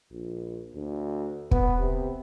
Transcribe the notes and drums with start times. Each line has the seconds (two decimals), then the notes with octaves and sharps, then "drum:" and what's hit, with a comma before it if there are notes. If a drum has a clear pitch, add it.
0.11 A#1
0.75 D2
1.51 B3, drum: kick
1.80 C3